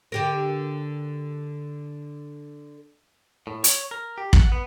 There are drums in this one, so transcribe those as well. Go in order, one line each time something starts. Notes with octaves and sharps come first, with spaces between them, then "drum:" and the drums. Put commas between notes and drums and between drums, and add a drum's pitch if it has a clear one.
D3 G4 A#4
A2
C#5, drum: hi-hat
A#4
G4
F#5, drum: kick
B3